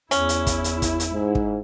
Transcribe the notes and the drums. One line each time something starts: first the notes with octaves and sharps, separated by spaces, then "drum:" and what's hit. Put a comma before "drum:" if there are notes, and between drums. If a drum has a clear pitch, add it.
E2 C#4 E4, drum: hi-hat
drum: hi-hat
drum: kick, hi-hat
drum: hi-hat
drum: kick, hi-hat
drum: hi-hat
G#2
drum: kick